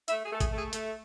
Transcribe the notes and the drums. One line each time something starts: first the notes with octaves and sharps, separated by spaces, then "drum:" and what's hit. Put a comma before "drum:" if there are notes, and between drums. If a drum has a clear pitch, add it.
A3 E5, drum: hi-hat
G#4
A3 A4
G#4, drum: kick, hi-hat
A3
G#4
A3, drum: hi-hat